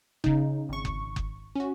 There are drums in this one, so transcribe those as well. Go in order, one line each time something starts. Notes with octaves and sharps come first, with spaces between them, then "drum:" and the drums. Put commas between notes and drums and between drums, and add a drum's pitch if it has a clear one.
C#3 D#4, drum: kick F#1
G#1 C#6
drum: kick F#1
drum: kick F#1
C#4 F#4